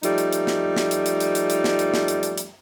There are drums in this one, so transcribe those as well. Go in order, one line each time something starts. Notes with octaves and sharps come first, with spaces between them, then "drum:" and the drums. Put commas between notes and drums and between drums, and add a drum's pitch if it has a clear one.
F3 G3 A3 D#4, drum: hi-hat
drum: hi-hat
drum: hi-hat
drum: snare
drum: snare
drum: hi-hat
drum: hi-hat
drum: hi-hat
drum: hi-hat
drum: hi-hat
drum: snare
drum: hi-hat
drum: snare
drum: hi-hat
drum: hi-hat
drum: hi-hat